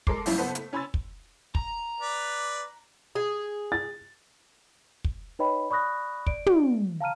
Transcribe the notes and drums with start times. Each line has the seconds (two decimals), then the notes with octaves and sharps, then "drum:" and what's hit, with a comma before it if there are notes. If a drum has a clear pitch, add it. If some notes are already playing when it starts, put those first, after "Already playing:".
0.07 G#3 A4 A#4 C6 D6 C7, drum: kick
0.26 G#2 F3 F#3 C#4 E4 F4, drum: open hi-hat
0.38 F#1 B3 A4 B4 C5 B6
0.55 A3, drum: hi-hat
0.73 C#4 G#5 B5 C6 E6 A6
0.94 drum: kick
1.55 A#5, drum: kick
2.00 B4 D5
3.15 G#4
3.72 A6
5.04 drum: kick
5.39 D#4 B4 C#5 D#5 G5 B5
5.70 D5 B5 C#6 D#6 F#6 A#6
6.27 D5 D7, drum: kick
6.46 drum: tom
7.01 F5 A5 A#5 F6 D#7